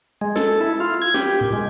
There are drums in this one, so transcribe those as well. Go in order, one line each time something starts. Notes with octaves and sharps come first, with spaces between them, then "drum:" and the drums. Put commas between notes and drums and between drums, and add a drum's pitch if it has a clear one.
G#3
A4, drum: snare
E4
F4
G#6
G4, drum: snare
A#2
G#3